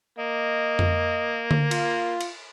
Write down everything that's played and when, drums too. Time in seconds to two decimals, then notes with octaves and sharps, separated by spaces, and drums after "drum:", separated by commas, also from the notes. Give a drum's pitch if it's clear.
0.19 A#3 D#5
0.79 drum: tom F2
1.51 drum: tom D3
1.71 F4, drum: cymbal
2.21 drum: cymbal